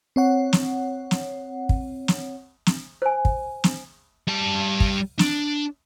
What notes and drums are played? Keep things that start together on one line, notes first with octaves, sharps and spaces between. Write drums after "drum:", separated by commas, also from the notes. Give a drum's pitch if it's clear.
C4 C#5 F#5
drum: snare
drum: snare
drum: kick
drum: snare
drum: snare
C5 G#5
drum: kick
drum: snare
G3 A5
drum: kick
D4, drum: snare